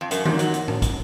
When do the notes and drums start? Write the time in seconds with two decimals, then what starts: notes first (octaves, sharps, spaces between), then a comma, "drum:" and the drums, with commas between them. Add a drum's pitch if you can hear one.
0.01 F2
0.11 F#2 A#4, drum: hi-hat
0.25 G#2, drum: tom D#3
0.33 D#4
0.39 F#3, drum: hi-hat
0.54 drum: hi-hat
0.68 drum: tom
0.82 drum: kick, hi-hat